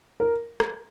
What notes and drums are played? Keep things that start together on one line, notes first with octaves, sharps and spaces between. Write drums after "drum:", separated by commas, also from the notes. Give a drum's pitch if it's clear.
A#4
drum: rim click